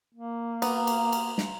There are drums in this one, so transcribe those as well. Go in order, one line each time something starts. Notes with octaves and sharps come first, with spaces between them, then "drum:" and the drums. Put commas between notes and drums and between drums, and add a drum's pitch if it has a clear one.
A#3
B3 A#5, drum: cymbal
drum: cymbal
drum: cymbal
drum: snare